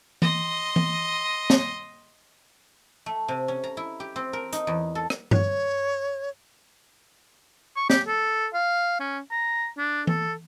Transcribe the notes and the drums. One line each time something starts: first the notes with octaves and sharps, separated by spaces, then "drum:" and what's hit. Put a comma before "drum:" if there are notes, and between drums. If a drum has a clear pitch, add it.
D#5 C6, drum: tom E3
drum: tom E3
drum: snare
A3
C3
C#4
A#5
E4
G4
C4
A#4
D#4, drum: hi-hat
E2
A4
drum: rim click
C#5, drum: tom G2
C#6
G4, drum: snare
A4
F5
C#4
A#5
D4
A4, drum: tom E3